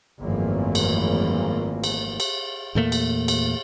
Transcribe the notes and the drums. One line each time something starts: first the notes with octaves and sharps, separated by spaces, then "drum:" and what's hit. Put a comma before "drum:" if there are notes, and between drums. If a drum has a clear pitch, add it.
G#1 F#2 E3 F3 A3 A#3
drum: cymbal
drum: cymbal
drum: cymbal
E2 A#2 A3 A#3
drum: cymbal
drum: cymbal